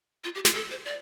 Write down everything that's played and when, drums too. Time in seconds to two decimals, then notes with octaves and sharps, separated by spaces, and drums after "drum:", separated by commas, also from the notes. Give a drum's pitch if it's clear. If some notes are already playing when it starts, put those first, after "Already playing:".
0.24 F4
0.35 G4
0.45 F4, drum: snare
0.54 A4
0.71 C5
0.85 D5